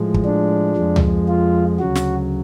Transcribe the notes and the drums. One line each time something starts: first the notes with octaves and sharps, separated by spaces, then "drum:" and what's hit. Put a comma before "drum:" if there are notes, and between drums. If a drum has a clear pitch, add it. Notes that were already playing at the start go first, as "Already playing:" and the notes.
Already playing: A2 F3 G#3
drum: kick
D4
F2 F3 G#3
drum: tom C#2
F4
D2 C#3 F#3 F#4
drum: snare